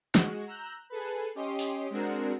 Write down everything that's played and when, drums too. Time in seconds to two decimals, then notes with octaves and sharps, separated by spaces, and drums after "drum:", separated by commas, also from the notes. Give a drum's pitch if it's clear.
0.15 G#3 F#4, drum: snare
0.47 A#5 E6 F#6 G6
0.90 G#4 A4 B4
1.35 C#4 G4 D#5 C6
1.59 drum: open hi-hat
1.90 G#3 C4 D4 F#4 A#4